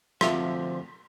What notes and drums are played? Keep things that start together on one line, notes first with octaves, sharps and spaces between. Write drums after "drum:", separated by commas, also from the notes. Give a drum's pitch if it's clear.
D2 C3 F3 F4 A4 E5, drum: rim click